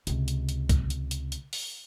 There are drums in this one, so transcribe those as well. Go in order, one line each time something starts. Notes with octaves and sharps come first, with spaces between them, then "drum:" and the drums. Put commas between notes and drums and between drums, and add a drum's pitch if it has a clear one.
C#2 C3, drum: hi-hat
drum: hi-hat
drum: hi-hat
drum: kick, hi-hat
drum: hi-hat
drum: hi-hat
drum: hi-hat
drum: open hi-hat